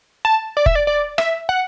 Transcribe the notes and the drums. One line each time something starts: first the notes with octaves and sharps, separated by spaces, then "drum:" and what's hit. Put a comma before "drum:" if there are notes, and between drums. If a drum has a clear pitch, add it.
A5
D5
E5, drum: kick F1
D5
D5
E5, drum: rim click
F#5